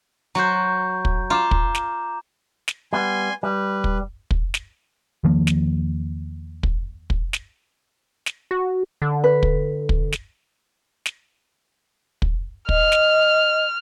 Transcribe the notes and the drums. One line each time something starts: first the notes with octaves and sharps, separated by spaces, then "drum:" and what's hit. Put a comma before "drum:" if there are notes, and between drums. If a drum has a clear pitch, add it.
F#3 F#4 C5 A#5 G6
drum: kick
F4 A#5 D6 E7
drum: kick
drum: snare
drum: snare
G3 B3 G#5 C6
G3 B4
drum: kick
drum: kick
drum: snare
E2 D#3 F3 A#3
drum: snare
drum: kick
drum: kick
drum: snare
drum: snare
F#4
D3
B4
drum: kick
drum: kick
drum: snare
drum: snare
drum: kick
D#5 F6, drum: kick
drum: snare